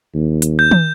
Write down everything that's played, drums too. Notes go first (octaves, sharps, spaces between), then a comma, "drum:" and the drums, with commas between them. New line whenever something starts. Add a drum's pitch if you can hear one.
D#2
drum: hi-hat
G6
drum: tom